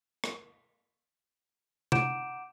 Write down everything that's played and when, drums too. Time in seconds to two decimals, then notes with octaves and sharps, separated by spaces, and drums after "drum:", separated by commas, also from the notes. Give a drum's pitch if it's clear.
0.24 drum: rim click
1.92 F#5 A#5 D6 G6 D7 E7, drum: tom C3